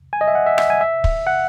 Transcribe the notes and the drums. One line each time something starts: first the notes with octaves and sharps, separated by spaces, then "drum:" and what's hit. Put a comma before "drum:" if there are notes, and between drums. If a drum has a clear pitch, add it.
G#5
D#5
E5
F#5
E5
E5, drum: rim click
G#5
E5
drum: kick
F#5